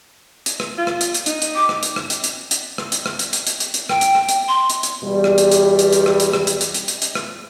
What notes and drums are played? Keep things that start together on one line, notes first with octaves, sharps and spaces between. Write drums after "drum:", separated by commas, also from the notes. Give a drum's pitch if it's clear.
drum: hi-hat
drum: rim click
F4
drum: rim click
drum: hi-hat
drum: hi-hat
D#4, drum: hi-hat
drum: hi-hat
D6
drum: rim click
drum: hi-hat
drum: rim click
drum: hi-hat
drum: hi-hat
drum: hi-hat
drum: rim click
drum: hi-hat
drum: rim click
drum: hi-hat
drum: hi-hat
drum: hi-hat
drum: hi-hat
drum: hi-hat
G5, drum: rim click
drum: hi-hat
drum: rim click
drum: hi-hat
C6
drum: hi-hat
drum: hi-hat
E2 B2 G3
drum: rim click
drum: hi-hat
drum: hi-hat
drum: hi-hat
drum: hi-hat
drum: rim click
drum: hi-hat
drum: rim click
drum: hi-hat
drum: hi-hat
drum: hi-hat
drum: hi-hat
drum: hi-hat
drum: rim click